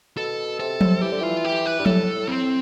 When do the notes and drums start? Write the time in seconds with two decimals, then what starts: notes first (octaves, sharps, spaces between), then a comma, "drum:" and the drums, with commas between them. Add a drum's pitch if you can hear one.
0.17 B2 A4
0.60 C3 A4
0.81 drum: tom F3
1.01 E3 G4
1.11 D3
1.21 E3 F4
1.45 G4
1.66 B4
1.79 G2
1.86 A2 A4, drum: tom F3
2.28 C4